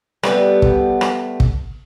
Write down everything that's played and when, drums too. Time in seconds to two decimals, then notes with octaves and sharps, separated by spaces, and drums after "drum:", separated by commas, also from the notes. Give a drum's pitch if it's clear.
0.23 G3 A3 B3 B4, drum: rim click
0.62 drum: kick
1.01 drum: rim click
1.40 drum: kick